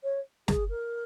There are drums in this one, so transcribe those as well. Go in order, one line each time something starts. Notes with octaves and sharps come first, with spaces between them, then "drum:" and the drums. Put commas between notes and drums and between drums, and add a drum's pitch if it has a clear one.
C#5
G#4, drum: snare
A#4